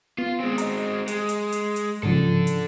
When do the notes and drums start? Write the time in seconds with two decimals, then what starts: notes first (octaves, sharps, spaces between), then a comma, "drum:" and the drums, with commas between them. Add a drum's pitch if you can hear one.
0.18 B3 F4
0.40 G#3 C4
0.58 D#5 A#5, drum: hi-hat
1.08 G#3, drum: hi-hat
1.29 drum: hi-hat
1.52 drum: hi-hat
1.76 drum: hi-hat
2.03 G#2 C#3 F3 D4 A4
2.47 drum: hi-hat